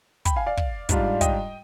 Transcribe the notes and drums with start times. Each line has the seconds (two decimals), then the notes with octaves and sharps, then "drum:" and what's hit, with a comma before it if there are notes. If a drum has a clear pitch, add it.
0.25 G5 B5, drum: kick, hi-hat
0.36 F5 G#5
0.46 D5 F5
0.57 drum: kick
0.89 G#2 G3 D4 F4, drum: kick, hi-hat
1.21 D#5 G5, drum: kick, hi-hat